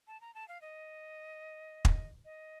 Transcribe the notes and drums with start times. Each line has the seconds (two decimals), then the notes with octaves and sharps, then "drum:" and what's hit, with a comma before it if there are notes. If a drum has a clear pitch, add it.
0.07 A5
0.21 A#5
0.35 A5
0.48 F5
0.61 D#5
1.85 drum: kick
2.25 D#5